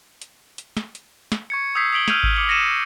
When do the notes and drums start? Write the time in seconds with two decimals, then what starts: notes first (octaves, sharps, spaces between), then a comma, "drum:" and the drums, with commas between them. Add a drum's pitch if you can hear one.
0.22 drum: hi-hat
0.58 drum: hi-hat
0.77 drum: snare
0.95 drum: hi-hat
1.32 drum: snare
1.50 C#6 G#6 C#7
1.75 D#6 E6 G6 G#6 B6 C7
1.93 D#6 B6 D7 F#7 G7
2.08 E6 F6 G6 G#6 D#7 F7, drum: snare
2.23 drum: kick G#1
2.36 D6 C#7 F#7
2.49 A#6 C#7 D#7 E7